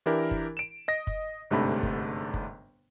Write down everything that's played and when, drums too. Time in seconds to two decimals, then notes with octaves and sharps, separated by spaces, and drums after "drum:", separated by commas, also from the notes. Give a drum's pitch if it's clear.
0.06 E3 D4 E4 G4 A#4
0.31 drum: kick
0.57 D7 E7
0.88 D#5 A#6
1.07 drum: kick
1.50 G1 G#2 C3 A3 D4 B5
1.83 drum: kick
2.34 drum: kick